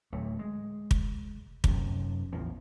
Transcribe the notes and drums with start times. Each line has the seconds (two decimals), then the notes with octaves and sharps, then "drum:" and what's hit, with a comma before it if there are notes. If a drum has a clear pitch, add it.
0.13 D1 D2 F#3 A3
0.39 G#3
0.91 drum: kick
1.64 F#2 C3, drum: kick
2.32 A1 E2 A2 F3